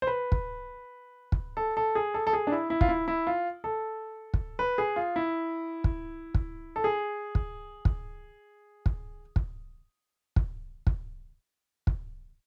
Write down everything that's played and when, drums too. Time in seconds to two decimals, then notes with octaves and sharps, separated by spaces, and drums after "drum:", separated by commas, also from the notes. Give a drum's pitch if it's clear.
0.02 C5
0.07 B4
0.32 drum: kick
1.32 drum: kick
1.57 A4
1.77 A4
1.95 G#4
2.14 A4
2.27 A4
2.33 G#4
2.47 D4
2.52 E4
2.70 E4
2.81 F4, drum: kick
2.89 E4
3.08 E4
3.27 F4
3.64 A4
4.34 drum: kick
4.59 B4
4.78 G#4
4.96 F4
5.16 E4
5.84 drum: kick
6.35 drum: kick
6.76 A4
6.84 G#4
7.35 drum: kick
7.85 drum: kick
8.86 drum: kick
9.36 drum: kick
10.36 drum: kick
10.87 drum: kick
11.87 drum: kick